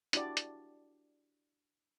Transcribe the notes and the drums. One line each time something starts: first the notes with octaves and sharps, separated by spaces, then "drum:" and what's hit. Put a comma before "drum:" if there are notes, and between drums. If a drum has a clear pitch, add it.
D4 E4 F#4 G4 D5, drum: hi-hat
drum: hi-hat